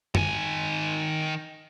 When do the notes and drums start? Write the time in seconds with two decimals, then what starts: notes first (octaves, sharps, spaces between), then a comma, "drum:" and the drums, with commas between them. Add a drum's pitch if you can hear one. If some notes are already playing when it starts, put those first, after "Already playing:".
0.15 D#3 G#5, drum: tom F#2